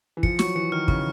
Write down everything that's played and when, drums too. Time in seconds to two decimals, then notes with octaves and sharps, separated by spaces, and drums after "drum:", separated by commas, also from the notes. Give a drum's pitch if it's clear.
0.17 E3
0.23 F3 C#7, drum: kick
0.39 F#3 C#6, drum: snare
0.55 E3 C#7
0.72 D#3 F6
0.88 C#3 C#6, drum: kick